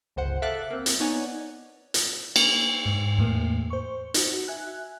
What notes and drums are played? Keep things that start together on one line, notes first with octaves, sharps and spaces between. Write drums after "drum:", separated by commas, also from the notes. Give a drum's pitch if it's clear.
G1 C#2 C5 F#5
A4 E5 F5 A5 D6 F#6
A#3 C4
drum: hi-hat
B3 D#4 C#5 D5 F#5 G#5
drum: hi-hat
A#3, drum: cymbal
G#2
E2 A2 A#3
C5 C#6
D#4 F#4, drum: hi-hat
E5 G#5 F#6